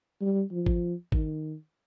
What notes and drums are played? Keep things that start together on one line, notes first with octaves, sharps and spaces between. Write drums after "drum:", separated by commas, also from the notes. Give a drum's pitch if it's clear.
G3
F3
drum: kick G#1
D#3, drum: kick G#1